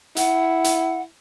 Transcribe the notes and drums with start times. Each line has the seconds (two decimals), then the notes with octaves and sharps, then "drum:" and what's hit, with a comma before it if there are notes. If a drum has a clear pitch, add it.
0.16 E4 F#5, drum: hi-hat
0.64 drum: hi-hat